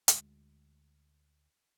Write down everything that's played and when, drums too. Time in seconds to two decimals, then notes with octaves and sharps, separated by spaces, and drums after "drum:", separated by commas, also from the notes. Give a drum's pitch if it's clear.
0.08 D2 G#3, drum: hi-hat